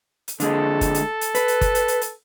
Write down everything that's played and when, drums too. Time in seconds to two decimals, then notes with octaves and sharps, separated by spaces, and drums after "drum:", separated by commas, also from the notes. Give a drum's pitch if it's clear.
0.28 drum: hi-hat
0.40 D3 G#3 A4, drum: hi-hat
0.81 drum: kick G1, hi-hat
0.95 drum: hi-hat
1.21 drum: hi-hat
1.35 B4, drum: hi-hat
1.48 drum: hi-hat
1.61 drum: kick G1, hi-hat
1.75 drum: hi-hat
1.88 drum: hi-hat
2.01 drum: hi-hat